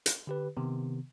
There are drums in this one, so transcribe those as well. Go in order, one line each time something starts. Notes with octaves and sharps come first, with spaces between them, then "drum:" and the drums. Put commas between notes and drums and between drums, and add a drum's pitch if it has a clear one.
drum: hi-hat
D3 G4 B4
C3 D#3 B3